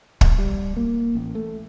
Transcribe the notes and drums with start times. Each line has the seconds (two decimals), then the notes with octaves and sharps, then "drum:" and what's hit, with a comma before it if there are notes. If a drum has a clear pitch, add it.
0.21 A#1, drum: kick
0.39 G3
0.77 A#3
1.15 A1
1.35 A3